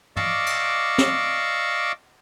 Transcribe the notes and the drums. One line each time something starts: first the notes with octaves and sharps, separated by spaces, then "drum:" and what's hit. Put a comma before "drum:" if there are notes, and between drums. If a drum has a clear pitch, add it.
D5 D#5 F5 C#6 D6 E6, drum: tom
drum: cymbal
drum: snare